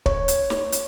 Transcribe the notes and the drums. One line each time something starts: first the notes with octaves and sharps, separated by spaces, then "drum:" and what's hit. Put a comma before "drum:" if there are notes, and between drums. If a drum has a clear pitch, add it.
C#5, drum: kick
drum: hi-hat
drum: snare
drum: hi-hat